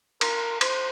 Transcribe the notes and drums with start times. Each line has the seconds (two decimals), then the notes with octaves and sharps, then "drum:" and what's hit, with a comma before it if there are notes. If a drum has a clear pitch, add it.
0.21 A#4, drum: cymbal
0.61 C5, drum: cymbal